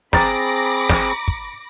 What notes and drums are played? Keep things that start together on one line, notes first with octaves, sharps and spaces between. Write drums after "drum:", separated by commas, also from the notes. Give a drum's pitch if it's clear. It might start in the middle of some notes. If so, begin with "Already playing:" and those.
C4 G#4 A#5 B5 D6 A6 A#6, drum: snare
drum: snare
drum: kick